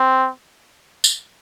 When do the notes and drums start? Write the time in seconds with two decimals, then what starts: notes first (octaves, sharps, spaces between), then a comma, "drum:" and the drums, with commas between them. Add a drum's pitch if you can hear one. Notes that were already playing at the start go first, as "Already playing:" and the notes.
Already playing: C4
1.04 drum: tambourine